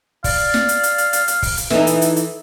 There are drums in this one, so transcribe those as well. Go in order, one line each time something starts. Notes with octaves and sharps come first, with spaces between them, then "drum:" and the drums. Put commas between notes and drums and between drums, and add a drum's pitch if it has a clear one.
D5 F5, drum: kick, open hi-hat
drum: snare
drum: hi-hat
drum: hi-hat
drum: hi-hat
drum: hi-hat
drum: hi-hat
drum: kick, open hi-hat
drum: hi-hat
E3 D#4 A4, drum: snare
drum: hi-hat
drum: hi-hat
drum: hi-hat